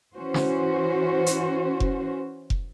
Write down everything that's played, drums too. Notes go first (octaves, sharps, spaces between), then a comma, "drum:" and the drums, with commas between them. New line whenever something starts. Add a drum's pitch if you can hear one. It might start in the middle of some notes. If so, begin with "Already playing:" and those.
E3 C#4 F#4 C5
drum: snare
drum: hi-hat
drum: kick F1
drum: kick F1